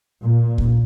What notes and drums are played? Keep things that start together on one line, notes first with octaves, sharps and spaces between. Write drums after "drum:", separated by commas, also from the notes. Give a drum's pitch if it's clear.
A#2
drum: kick